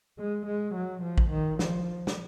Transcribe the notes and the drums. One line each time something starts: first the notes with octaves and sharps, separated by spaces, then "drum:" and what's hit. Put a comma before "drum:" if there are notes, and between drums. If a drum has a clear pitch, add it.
G#3
G#3
F#3
F3
drum: kick A1
D#3
F3, drum: snare
drum: snare